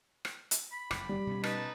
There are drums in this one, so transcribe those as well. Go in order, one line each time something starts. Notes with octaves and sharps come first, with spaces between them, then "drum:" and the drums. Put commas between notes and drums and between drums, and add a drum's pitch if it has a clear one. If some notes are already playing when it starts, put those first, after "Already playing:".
drum: rim click
drum: hi-hat
B5
F#1 F2 C#3 D6, drum: rim click
G3
B2 C#4
D#4 B4 A5, drum: rim click